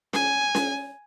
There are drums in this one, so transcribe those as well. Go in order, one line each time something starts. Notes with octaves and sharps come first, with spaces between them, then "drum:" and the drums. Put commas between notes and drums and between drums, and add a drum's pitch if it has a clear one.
G#5, drum: snare C#4
drum: snare C#4